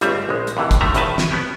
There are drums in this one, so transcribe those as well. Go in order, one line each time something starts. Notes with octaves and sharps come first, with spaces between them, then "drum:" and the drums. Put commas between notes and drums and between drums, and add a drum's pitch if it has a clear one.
G1 C#2 G3 A3 C4 E5, drum: hi-hat
A#1 G#3
drum: hi-hat
D#2 A2 C3 E3
drum: kick, hi-hat
D3 D#3 F#3 A3 E5 A#5
A#1 A2 D#3 B4 E5 A5, drum: hi-hat
drum: snare
B3 C#4 G4